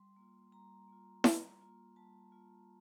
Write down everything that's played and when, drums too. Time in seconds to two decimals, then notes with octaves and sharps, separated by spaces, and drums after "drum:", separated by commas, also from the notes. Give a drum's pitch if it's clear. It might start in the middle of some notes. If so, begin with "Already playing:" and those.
Already playing: G3 C6
0.16 A#3 F4
0.52 G3 A#5
0.88 A#3 F4
1.24 G3, drum: snare E4
1.61 A#3 F4
1.96 G3 A5
2.32 A#3 F4